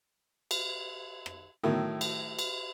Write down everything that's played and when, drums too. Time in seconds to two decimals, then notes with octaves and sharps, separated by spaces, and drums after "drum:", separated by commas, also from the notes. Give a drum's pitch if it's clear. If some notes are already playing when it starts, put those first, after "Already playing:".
0.51 drum: cymbal
1.26 drum: rim click
1.63 A2 D#3 F#3 E4
2.01 drum: cymbal
2.39 drum: cymbal